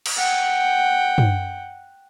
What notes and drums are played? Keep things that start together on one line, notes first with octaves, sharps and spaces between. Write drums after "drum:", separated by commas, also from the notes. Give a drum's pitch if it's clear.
drum: cymbal
F#5 G5
drum: tom